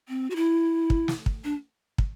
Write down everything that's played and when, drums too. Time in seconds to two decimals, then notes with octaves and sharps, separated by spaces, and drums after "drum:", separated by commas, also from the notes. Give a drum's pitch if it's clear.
0.09 C4
0.30 F#4
0.36 E4
0.90 drum: kick
1.08 drum: snare
1.26 drum: kick
1.44 D4
1.98 drum: kick